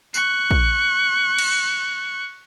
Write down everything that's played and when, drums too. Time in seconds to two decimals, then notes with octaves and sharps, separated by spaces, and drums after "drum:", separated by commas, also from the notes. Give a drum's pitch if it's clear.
0.14 C#6 F#6, drum: tambourine
0.51 drum: kick
1.38 drum: cymbal